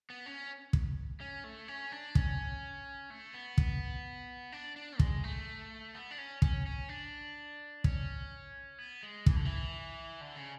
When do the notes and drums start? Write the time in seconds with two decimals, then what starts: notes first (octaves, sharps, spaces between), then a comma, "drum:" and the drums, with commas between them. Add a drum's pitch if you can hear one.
0.10 B3
0.26 C#4
0.73 drum: kick
1.21 C#4
1.44 A3
1.68 C#4
1.92 D4
2.15 C#4, drum: kick
3.10 A3
3.34 B3
3.58 drum: kick
4.52 D4
4.76 D4
4.99 G#3, drum: kick
5.24 A3
5.95 B3
6.11 D4
6.18 C#4
6.42 C#4, drum: kick
6.66 C#4
6.89 D4
7.84 C#4, drum: kick
8.78 B3
9.03 G#3
9.26 E3, drum: kick
9.36 D3
9.45 E3
10.21 D3
10.37 C#3